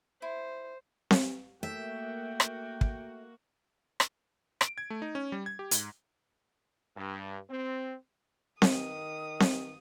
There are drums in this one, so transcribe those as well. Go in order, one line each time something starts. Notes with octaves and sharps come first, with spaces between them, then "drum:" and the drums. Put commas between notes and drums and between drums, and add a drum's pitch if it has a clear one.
E4 C5
drum: snare C4
A3 A#3 F#4 E5 G5
drum: rim click
drum: kick
drum: rim click
D7, drum: rim click
G#6
A3
D#4
C#4
G3
G#6
G4
G#2, drum: hi-hat
G2
C4
D#3 D#6, drum: snare C4
drum: snare C4